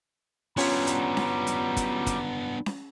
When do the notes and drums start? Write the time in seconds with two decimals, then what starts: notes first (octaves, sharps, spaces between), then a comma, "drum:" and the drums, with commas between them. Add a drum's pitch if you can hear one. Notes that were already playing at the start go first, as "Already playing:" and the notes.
0.57 F#3 G3 B3 C#4 D4 F4 C#5 A#5, drum: open hi-hat
0.87 drum: hi-hat
1.17 drum: snare C#4
1.47 drum: hi-hat
1.77 drum: kick, hi-hat
2.06 drum: kick, hi-hat
2.66 drum: snare C#4